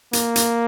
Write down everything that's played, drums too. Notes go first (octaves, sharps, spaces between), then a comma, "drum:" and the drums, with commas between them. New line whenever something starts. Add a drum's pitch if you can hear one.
A#3, drum: hi-hat
drum: hi-hat